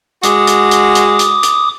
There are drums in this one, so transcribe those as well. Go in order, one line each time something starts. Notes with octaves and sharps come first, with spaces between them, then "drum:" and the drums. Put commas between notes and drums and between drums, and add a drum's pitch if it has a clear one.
G#3 F#4 D6 D#6, drum: hi-hat
drum: hi-hat
drum: hi-hat
drum: hi-hat
drum: hi-hat
drum: hi-hat